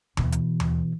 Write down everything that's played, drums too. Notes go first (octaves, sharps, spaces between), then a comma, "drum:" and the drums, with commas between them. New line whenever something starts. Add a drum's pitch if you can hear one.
B2 E3, drum: tom D#2
drum: hi-hat
drum: tom D#2